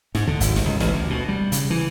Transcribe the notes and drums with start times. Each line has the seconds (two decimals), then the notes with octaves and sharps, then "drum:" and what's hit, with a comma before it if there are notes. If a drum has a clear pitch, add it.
0.15 G#2, drum: snare
0.28 D3, drum: kick
0.40 G#1, drum: hi-hat
0.56 drum: snare
0.65 C#2
0.80 A1, drum: snare
0.93 D2
1.10 B2
1.28 G3
1.52 C#3, drum: hi-hat
1.70 E3